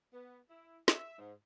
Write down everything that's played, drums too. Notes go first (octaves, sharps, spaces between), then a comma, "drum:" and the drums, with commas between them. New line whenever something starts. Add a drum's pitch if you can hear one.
B3
E4
E5, drum: snare
G#2